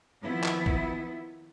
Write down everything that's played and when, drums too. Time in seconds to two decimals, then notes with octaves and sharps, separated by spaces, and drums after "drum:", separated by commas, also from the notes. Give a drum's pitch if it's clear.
0.23 D#3 F3 B3 E4
0.44 drum: clap
0.66 drum: kick